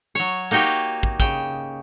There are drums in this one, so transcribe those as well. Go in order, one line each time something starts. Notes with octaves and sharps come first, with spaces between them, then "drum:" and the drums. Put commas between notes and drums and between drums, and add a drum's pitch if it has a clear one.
F#3 C#5
A#3 D#4 F#4 G4 C#5
drum: kick
C#3 G5, drum: kick